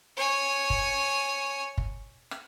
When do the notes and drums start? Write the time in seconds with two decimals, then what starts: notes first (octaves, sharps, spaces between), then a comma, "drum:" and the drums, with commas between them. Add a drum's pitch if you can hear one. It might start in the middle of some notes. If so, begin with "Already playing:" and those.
0.16 C#5 G#5
0.70 drum: kick F#1
1.78 drum: kick F#1
2.31 drum: rim click